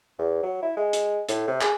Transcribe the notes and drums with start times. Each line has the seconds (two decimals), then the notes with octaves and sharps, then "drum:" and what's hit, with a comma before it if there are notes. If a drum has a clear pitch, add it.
0.18 E2
0.43 F#3
0.62 E4
0.77 G#3
0.93 drum: hi-hat
1.29 A2, drum: hi-hat
1.47 C3
1.61 G#4, drum: clap